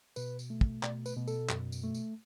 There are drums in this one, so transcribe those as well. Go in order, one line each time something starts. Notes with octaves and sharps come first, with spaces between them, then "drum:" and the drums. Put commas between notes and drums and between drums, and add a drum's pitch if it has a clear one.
B2 B4, drum: tambourine
drum: tambourine
A3
drum: kick
B2 D5, drum: clap
B4, drum: tambourine
B2
A4, drum: tambourine
F#2, drum: clap
drum: tambourine
A3
drum: tambourine